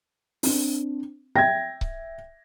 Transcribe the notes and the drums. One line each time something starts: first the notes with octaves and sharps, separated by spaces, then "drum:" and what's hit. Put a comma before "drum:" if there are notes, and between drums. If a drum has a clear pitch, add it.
C4 D4, drum: open hi-hat
E5 G5 G#6 A#6
drum: kick C#1